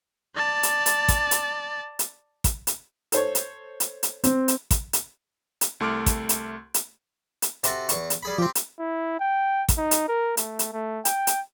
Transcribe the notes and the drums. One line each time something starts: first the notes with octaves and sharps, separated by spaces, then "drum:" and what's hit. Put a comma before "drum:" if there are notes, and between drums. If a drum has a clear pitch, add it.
D5 A5
drum: hi-hat
drum: hi-hat
drum: kick, hi-hat
drum: hi-hat
drum: hi-hat
drum: kick, hi-hat
drum: hi-hat
A4 C5 C#5, drum: hi-hat
drum: hi-hat
drum: hi-hat
drum: hi-hat
C4, drum: hi-hat
drum: hi-hat
drum: kick, hi-hat
drum: hi-hat
drum: hi-hat
C2 A3 C6 D6 F6 D7
drum: kick, hi-hat
drum: hi-hat
drum: hi-hat
drum: hi-hat
C3 F#4 A4, drum: hi-hat
E2 C#6, drum: hi-hat
drum: hi-hat
G3 G#4 B5
F3 C4 G4
drum: hi-hat
E4
G5
drum: kick, hi-hat
D#4
drum: hi-hat
A#4
A3, drum: hi-hat
drum: hi-hat
A3
G5, drum: hi-hat
drum: hi-hat